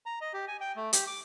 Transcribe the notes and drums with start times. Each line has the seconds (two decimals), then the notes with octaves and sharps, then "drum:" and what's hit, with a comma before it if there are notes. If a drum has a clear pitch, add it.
0.06 A#5
0.21 D#5
0.34 G4
0.48 G#5
0.61 G5
0.76 A3
0.93 G4, drum: hi-hat
1.07 D6